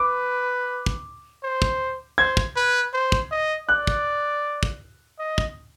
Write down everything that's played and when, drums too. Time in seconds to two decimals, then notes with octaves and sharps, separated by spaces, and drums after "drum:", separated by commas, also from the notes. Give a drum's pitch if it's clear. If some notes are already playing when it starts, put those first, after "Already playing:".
Already playing: B4 D6
0.86 drum: kick
1.43 C5
1.62 drum: kick
2.18 C5 G#6
2.37 drum: kick
2.56 B4
2.94 C5
3.12 drum: kick
3.31 D#5
3.69 D5 F#6
3.87 drum: kick
4.63 drum: kick
5.19 D#5
5.38 drum: kick